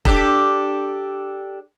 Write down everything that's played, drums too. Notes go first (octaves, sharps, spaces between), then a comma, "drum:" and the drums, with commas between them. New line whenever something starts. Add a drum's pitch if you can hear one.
D4 G4 A4, drum: kick E1